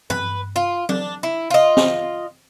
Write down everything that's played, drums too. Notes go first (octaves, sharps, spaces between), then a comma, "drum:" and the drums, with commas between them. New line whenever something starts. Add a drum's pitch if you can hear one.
B4, drum: tom
F4
D4, drum: tom F#3
E4
F4 D#5
drum: snare